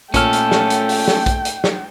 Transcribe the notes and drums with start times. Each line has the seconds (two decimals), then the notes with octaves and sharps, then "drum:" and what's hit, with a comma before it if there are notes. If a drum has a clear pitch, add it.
0.14 A#2 A3 C#4 A4 C#5 G5 F6, drum: kick, hi-hat
0.33 drum: hi-hat
0.51 drum: snare
0.70 drum: hi-hat
0.89 drum: open hi-hat
1.08 drum: snare
1.26 drum: kick, hi-hat
1.45 drum: hi-hat
1.64 drum: snare